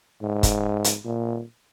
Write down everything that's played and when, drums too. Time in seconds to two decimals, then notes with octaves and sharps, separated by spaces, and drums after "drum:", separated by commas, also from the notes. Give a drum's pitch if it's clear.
0.22 G#2
0.43 drum: kick, hi-hat
0.84 drum: hi-hat
1.05 A#2